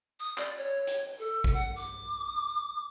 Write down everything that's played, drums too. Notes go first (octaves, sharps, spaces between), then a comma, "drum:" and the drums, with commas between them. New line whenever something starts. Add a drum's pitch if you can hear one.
D#6
D5, drum: clap
C#5
drum: hi-hat
A4
drum: kick A1
F#5
D6